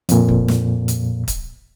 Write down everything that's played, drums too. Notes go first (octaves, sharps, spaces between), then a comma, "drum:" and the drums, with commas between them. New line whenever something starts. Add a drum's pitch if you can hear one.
F2 A#2, drum: hi-hat
drum: kick
drum: snare
drum: hi-hat
drum: kick, hi-hat